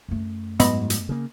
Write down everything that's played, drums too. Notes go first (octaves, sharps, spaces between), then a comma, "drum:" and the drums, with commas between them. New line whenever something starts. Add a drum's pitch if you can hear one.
F#2 A3
G#2 F#3 B3 D#5 B5, drum: hi-hat
drum: hi-hat
C#3 A#3